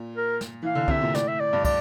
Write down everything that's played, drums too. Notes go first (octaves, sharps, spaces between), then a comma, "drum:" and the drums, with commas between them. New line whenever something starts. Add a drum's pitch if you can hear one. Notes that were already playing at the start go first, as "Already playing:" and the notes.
Already playing: A#2
A#4
drum: snare
E3 F5
D3
C3 E5, drum: kick
A#2
A2 D5, drum: snare
E5
D5
G2
D5, drum: kick, cymbal